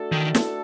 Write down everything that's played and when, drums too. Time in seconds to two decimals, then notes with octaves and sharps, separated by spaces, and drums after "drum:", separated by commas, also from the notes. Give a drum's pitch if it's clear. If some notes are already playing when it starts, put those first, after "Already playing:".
Already playing: A3 D4 F#4 A4
0.12 D#3
0.35 drum: snare